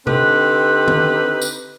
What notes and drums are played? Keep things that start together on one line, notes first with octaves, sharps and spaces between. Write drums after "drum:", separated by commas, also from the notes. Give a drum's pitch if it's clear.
D3 C4 D#4 G4 B4, drum: tom C3
drum: tom
drum: tambourine